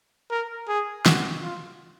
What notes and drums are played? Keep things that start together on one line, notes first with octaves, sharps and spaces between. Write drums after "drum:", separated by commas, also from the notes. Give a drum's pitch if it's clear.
A#4
G#4
F#4, drum: snare
F4